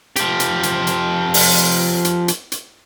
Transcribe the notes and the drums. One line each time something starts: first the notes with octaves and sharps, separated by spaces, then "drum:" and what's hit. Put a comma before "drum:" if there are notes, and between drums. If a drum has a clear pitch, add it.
F3 G4, drum: hi-hat
drum: hi-hat
drum: hi-hat
drum: hi-hat
drum: open hi-hat
drum: hi-hat
drum: hi-hat
drum: hi-hat